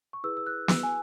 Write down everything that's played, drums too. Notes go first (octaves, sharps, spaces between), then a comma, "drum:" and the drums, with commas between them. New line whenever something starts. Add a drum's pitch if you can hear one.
C#6
E4 G#4 B4 E6
E6
F#6
E6, drum: snare
G#5